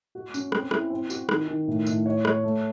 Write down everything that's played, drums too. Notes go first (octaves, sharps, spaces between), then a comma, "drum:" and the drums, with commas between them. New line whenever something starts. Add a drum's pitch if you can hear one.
F#4
C#4, drum: tambourine
C4, drum: rim click
E4, drum: rim click
C4
F#4, drum: tambourine
D#3, drum: rim click
D#3
A2
A2, drum: tambourine
C#5
C#5, drum: rim click
A3